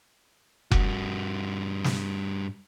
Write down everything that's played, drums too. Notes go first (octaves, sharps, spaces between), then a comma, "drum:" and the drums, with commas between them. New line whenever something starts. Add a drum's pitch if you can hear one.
G2 F#4, drum: kick F1
drum: snare